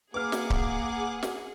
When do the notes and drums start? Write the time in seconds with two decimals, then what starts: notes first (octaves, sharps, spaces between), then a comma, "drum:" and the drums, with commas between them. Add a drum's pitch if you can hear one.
0.14 A#3 G#4 B4 F#5 D6 F6
0.32 drum: snare
0.50 drum: kick C#1
1.23 drum: snare